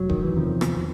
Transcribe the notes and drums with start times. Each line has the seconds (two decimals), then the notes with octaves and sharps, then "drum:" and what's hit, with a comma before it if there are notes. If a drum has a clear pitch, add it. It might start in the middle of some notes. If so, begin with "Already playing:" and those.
Already playing: F1 F#3
0.09 D#3, drum: kick
0.23 E3
0.36 E2 C3 D#3 F3
0.61 drum: rim click